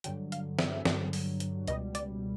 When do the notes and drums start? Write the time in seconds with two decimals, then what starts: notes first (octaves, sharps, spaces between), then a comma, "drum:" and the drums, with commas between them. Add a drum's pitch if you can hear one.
0.04 G2 D3 F#3 G5, drum: hi-hat
0.32 F5, drum: hi-hat
0.59 E5, drum: snare
0.85 G2 D3 F#3, drum: snare
1.13 drum: open hi-hat
1.40 drum: hi-hat
1.68 C#2 B2 G3 D#5, drum: hi-hat
1.95 D5, drum: hi-hat